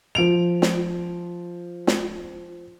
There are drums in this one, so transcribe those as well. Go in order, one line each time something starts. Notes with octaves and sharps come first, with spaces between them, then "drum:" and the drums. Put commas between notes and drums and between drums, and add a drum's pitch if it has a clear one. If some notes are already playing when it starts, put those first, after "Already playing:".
F3 D7 F7
drum: snare
drum: snare